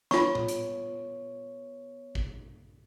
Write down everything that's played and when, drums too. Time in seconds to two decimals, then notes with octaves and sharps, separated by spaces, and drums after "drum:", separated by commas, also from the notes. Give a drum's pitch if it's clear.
0.11 B3 F4 C#5 C#6, drum: snare
0.35 drum: tom A2
0.48 drum: hi-hat
2.15 drum: kick